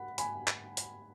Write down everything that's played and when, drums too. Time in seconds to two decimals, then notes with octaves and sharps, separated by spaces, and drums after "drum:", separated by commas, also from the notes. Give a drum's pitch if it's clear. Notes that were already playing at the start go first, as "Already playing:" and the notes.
Already playing: F#5 B5
0.18 G#5 B5, drum: hi-hat
0.48 drum: clap
0.77 drum: hi-hat